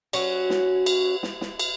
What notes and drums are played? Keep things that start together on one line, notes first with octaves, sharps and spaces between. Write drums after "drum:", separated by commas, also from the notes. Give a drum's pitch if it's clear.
F#3 C#4 F#4, drum: cymbal
drum: snare
drum: cymbal
drum: snare
drum: snare
drum: cymbal